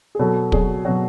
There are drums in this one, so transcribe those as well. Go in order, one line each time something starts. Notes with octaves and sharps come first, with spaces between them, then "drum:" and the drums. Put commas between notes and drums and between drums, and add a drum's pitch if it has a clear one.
G#4
B2 F#3 A4
B2 F#3 G#4, drum: kick
B2 F#3 F#4